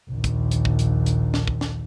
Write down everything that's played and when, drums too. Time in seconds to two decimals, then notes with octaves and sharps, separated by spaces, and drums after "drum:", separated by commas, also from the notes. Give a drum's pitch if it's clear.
0.10 A#1 D#2
0.24 drum: kick, hi-hat
0.51 drum: hi-hat
0.65 drum: kick
0.79 drum: hi-hat
1.06 drum: hi-hat
1.34 drum: snare
1.47 drum: kick
1.61 drum: snare